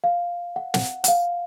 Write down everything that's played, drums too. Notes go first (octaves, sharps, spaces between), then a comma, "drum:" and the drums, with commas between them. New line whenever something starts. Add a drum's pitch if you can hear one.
F5
F#5
F#5, drum: snare
F#5, drum: hi-hat
F5